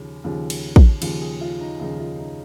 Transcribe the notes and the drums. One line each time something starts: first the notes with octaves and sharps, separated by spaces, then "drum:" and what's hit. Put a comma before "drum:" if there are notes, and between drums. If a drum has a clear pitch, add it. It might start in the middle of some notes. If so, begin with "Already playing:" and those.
Already playing: D#2 C#3 F3
D#2 C#3 F3
drum: cymbal
drum: kick
D#2 C#3 F3, drum: cymbal
G#4
F4
D#4
D#2 C#3 F3 D#4
F4
D#4